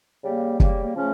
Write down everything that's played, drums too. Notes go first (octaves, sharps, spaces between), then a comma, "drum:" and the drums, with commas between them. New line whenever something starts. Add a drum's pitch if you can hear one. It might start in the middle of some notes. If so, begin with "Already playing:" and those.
C#3 G3 A#3
C#3 G3 A#3, drum: kick
A#3
C#3 F3 A3 C#4